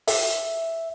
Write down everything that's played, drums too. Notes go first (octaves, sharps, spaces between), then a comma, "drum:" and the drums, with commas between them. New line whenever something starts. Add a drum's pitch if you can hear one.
E5, drum: open hi-hat